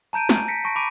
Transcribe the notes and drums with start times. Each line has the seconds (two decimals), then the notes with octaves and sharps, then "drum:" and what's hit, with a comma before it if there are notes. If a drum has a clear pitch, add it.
0.13 A5 A#5 G6 D7 D#7
0.29 G#5, drum: snare
0.48 A#6 B6 C#7 D7
0.64 A5 C#6 A#6 D7
0.76 B5 D6 D7 D#7